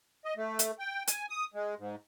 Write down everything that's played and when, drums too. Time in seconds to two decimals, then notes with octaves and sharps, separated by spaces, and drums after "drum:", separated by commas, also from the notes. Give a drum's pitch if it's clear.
0.25 D#5
0.37 A3
0.59 drum: hi-hat
0.79 G5
1.08 G#5, drum: hi-hat
1.29 D#6
1.54 G#3
1.79 G#2